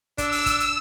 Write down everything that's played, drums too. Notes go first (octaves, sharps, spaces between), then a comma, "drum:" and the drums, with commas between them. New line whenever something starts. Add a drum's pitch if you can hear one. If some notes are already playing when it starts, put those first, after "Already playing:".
D4 E6, drum: kick, hi-hat
drum: open hi-hat
drum: kick, hi-hat
drum: hi-hat